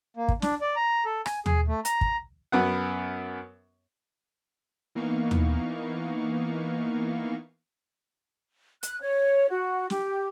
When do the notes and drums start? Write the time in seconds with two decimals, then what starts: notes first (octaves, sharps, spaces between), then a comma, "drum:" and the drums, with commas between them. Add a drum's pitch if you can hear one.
0.17 A#3
0.29 drum: kick
0.42 D4, drum: snare
0.61 D5
0.76 A#5
1.05 A4
1.26 G#5, drum: rim click
1.46 G#4, drum: tom D#2
1.68 A3
1.85 A#5, drum: hi-hat
2.01 drum: kick
2.52 F#2 B3 F#5
4.95 E3 A#3 B3 D#4 F5 C#6
5.31 drum: tom D#2
8.83 F#6, drum: hi-hat
9.01 C#5
9.50 F#4
9.90 G4, drum: snare